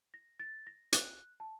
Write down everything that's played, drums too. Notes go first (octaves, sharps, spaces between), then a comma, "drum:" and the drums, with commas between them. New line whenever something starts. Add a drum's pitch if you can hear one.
A#6
A6
A#6
F#6, drum: hi-hat
A5